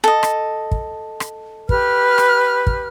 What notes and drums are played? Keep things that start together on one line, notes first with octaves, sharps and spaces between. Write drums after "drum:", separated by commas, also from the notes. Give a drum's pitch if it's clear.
A4 D#5
drum: rim click
drum: kick
drum: rim click
G4 B4 F6, drum: kick
drum: rim click
drum: kick